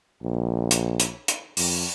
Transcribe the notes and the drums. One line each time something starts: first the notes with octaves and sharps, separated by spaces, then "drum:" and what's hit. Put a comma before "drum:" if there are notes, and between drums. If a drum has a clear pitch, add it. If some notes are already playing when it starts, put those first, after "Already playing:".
A#1
drum: hi-hat
drum: hi-hat
drum: hi-hat
F2, drum: open hi-hat